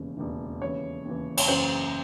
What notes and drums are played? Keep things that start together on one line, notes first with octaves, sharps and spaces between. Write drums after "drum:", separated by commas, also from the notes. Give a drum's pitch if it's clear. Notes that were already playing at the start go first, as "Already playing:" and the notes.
Already playing: E1 D#2 C#3 E3
E1 D#2 C#3 E3
D#2 C#3 E3 C#5
D#2 C#3 E3
C#5, drum: cymbal
F#1 F#2 C#3 E3 C5